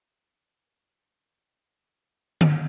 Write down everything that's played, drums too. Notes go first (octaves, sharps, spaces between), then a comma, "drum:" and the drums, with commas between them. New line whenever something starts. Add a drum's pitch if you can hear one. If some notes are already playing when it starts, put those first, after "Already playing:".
D5 D#5 G#5 E6
drum: tom D3